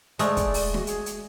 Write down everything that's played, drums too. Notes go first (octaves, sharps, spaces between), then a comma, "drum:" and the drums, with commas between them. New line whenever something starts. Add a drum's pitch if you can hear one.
G#3 A3 D5, drum: hi-hat
drum: kick, hi-hat
drum: open hi-hat
F#4, drum: snare
G#4, drum: hi-hat
drum: hi-hat